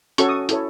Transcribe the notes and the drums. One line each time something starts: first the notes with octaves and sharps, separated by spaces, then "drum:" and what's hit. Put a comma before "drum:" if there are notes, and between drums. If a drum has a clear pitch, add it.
C#4 F#4 A4 C#5 C#6, drum: hi-hat
D#6
E4 A4 C#5, drum: hi-hat